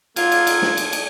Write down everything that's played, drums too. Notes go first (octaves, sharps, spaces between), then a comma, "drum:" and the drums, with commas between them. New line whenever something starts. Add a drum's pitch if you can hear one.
F#3 A#3 F4 G#6, drum: cymbal
drum: cymbal
drum: cymbal
drum: snare
drum: cymbal
drum: cymbal